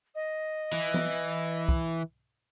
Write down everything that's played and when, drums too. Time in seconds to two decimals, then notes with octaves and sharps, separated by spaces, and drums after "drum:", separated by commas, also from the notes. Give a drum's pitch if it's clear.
0.14 D#5
0.73 E3
0.94 drum: tom E3
1.68 drum: kick